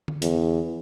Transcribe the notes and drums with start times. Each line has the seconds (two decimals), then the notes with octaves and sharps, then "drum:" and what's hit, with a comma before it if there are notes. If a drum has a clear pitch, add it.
0.08 drum: tom D3
0.22 E2, drum: hi-hat